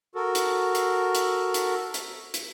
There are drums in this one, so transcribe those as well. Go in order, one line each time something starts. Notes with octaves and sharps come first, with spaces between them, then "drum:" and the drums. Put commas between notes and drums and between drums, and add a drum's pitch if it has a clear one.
F#4 A4 A#4
drum: hi-hat
drum: hi-hat
drum: hi-hat
drum: hi-hat
drum: hi-hat
drum: hi-hat